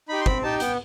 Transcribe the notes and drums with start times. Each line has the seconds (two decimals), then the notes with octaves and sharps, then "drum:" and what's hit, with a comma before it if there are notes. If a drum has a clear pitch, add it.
0.09 D#4 G4 B5
0.21 C6
0.26 C4 B5, drum: kick
0.43 D#4 G4 A5
0.60 B3 G5, drum: hi-hat